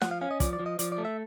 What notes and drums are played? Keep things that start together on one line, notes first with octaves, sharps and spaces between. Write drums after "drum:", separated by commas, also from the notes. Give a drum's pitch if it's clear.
F3 F#5, drum: snare
F5
C#4 F5
D#5
F3 D5, drum: kick, hi-hat
D5
F3
D#5
F3 D5, drum: hi-hat
D5
A3
E5